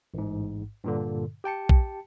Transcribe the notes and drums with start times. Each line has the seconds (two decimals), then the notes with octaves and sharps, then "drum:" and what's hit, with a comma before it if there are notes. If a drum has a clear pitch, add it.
0.14 A1 G#2
0.84 G2 A#2 D3
1.44 G4 G5 A5 C#7
1.69 drum: kick